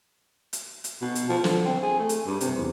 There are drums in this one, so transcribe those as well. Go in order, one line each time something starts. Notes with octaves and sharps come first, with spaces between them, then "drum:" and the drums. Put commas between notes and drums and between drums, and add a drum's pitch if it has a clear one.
drum: hi-hat
drum: hi-hat
B2
drum: hi-hat
F3
D3, drum: snare
C4
G#4
A3
drum: hi-hat
G2
C3, drum: hi-hat
E2